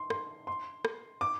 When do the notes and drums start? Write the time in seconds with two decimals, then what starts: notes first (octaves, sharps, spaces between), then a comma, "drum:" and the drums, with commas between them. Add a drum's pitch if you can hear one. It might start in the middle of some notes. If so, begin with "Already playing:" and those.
Already playing: C6
0.10 C6, drum: rim click
0.47 C6
0.85 drum: rim click
1.21 D6